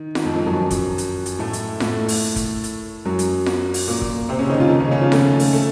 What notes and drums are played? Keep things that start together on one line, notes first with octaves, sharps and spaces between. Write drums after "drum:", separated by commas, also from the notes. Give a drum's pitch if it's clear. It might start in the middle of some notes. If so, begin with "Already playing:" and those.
Already playing: D#3
D#3, drum: snare F4
F2 F3
F2 F3
F#2 F#3
drum: kick, hi-hat
drum: hi-hat
drum: hi-hat
A2 A3
drum: hi-hat
A2 A3, drum: snare F4
drum: open hi-hat
drum: kick, hi-hat
drum: hi-hat
F#2 F#3
drum: hi-hat
drum: snare F4
drum: open hi-hat
A#2 A#3
drum: kick
C3 C4
C#3 C#4
D#3 D#4
F3 F4
D#3 D#4
C#3 C#4
C#3 C#4
F3 F4
A3 A4, drum: snare F4
drum: open hi-hat
A3 A4